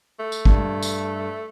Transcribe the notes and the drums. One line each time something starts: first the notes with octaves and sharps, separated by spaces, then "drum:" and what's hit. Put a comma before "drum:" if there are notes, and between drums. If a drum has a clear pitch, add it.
A3
drum: tambourine
G2, drum: kick
drum: tambourine